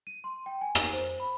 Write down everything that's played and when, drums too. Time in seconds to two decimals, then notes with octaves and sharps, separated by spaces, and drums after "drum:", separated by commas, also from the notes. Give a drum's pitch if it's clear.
0.07 D#7
0.24 C6
0.46 G5
0.61 G#5
0.75 drum: rim click
0.93 C5
1.20 B5